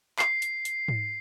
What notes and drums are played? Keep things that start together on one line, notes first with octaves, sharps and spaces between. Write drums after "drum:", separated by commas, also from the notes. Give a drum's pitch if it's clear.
C7, drum: clap
drum: hi-hat
drum: hi-hat
drum: tom G#2